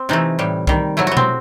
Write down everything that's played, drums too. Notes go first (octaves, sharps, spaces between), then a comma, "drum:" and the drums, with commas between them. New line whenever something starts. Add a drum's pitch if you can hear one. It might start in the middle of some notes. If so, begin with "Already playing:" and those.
Already playing: C4
C3 E3 A3 D#4
A2 G3
D#3 G3, drum: kick
C3 F#3 A3 E4
B3 F#4
C4, drum: tom B2